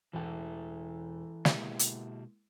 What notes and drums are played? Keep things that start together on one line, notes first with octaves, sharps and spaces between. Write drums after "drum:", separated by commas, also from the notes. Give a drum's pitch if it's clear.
E1 E3 E4 A4 G5
B2 G#3 A#3 E4 G4, drum: snare
drum: hi-hat